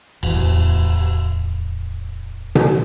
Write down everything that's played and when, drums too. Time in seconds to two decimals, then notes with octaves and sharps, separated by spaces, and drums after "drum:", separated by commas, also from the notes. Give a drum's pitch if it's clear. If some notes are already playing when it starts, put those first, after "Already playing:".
0.23 D1 E2, drum: cymbal
2.55 drum: tom B2